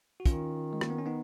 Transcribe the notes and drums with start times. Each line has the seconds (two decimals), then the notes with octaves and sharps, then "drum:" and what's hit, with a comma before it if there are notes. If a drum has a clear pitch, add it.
0.20 F#4
0.26 D#3 C#4 F4, drum: kick, hi-hat
0.73 G#3
0.81 A#3, drum: rim click
0.90 B3
0.98 C#4
1.06 B3 D#4